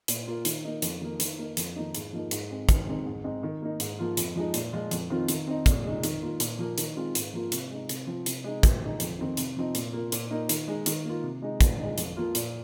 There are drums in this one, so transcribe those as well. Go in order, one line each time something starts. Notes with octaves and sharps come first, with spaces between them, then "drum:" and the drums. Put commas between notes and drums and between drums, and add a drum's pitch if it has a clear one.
A#2, drum: hi-hat
A#3 F4
D#3, drum: hi-hat
A#3 D#4
F2, drum: hi-hat
D#3 A#3
D#3, drum: hi-hat
A#3 D#4
F2, drum: hi-hat
D#3 A#3 D#4
G#2, drum: hi-hat
F3 A#3 D#4
G#2, drum: hi-hat
G#3 C4
D#3, drum: kick, hi-hat
G#3 C4 D#4
G#2
G#3 C4 D#4
D#3
A#3 D#4
G#2, drum: hi-hat
F3 A#3 F4
F2, drum: hi-hat
F3 G#3 D#4
A#2, drum: hi-hat
F3 G#3 F4
F2, drum: hi-hat
D#3 C4 F4
D#3, drum: hi-hat
C4 D#4
A#2, drum: kick, hi-hat
G#3 D#4
D#3, drum: hi-hat
A#3 F4
A#2, drum: hi-hat
F3 A#3
D#3, drum: hi-hat
G#3 C4 F4
G#2, drum: hi-hat
F3 A#3 F4
C3, drum: hi-hat
G#3 D#4
C3, drum: hi-hat
F3 C4 F4
C3, drum: hi-hat
G#3 D#4
A#2, drum: kick, hi-hat
G#3 D#4
F2, drum: hi-hat
D#3 C4 D#4
C3, drum: hi-hat
F3 C4 D#4
A#2, drum: hi-hat
A#3 F4
A#2, drum: hi-hat
A#3 D#4
D#3, drum: hi-hat
G#3 D#4
D#3, drum: hi-hat
A#3 F4
C3
G#3 D#4
A#2, drum: kick, hi-hat
G#3 D#4
F2, drum: hi-hat
F3 A#3 F4
A#2, drum: hi-hat